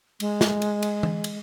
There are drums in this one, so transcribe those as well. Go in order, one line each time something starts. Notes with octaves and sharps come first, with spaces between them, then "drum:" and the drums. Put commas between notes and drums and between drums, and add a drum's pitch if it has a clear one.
G#3, drum: cymbal
drum: snare
drum: cymbal
drum: cymbal
drum: tom E3
drum: cymbal